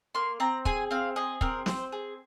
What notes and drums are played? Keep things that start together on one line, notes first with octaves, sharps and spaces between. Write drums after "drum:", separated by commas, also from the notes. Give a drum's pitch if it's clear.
A#3 C6
C4 A#5
G#4 G#5, drum: kick
C4 F5
G#4 D#5
C4 A#4, drum: kick
C4 C5, drum: snare
G#4